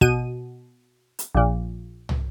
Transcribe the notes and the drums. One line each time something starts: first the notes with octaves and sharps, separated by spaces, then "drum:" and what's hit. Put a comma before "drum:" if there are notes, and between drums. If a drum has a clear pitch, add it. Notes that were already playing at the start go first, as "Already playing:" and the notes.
B2 D#7, drum: kick
drum: hi-hat
A#1 A#2
drum: tom